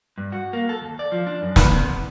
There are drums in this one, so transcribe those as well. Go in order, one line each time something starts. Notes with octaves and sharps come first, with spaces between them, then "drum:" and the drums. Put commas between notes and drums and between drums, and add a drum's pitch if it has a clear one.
G2
F#4
A#3
A4
D#2
D5
F3
D4
F#2
B4, drum: snare
C3
B3